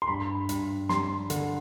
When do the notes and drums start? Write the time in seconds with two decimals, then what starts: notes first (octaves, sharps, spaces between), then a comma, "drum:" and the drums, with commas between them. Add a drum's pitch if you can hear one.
0.02 C6
0.08 G2 B5
0.49 G2, drum: hi-hat
0.89 G3 C6, drum: snare
1.30 D3, drum: hi-hat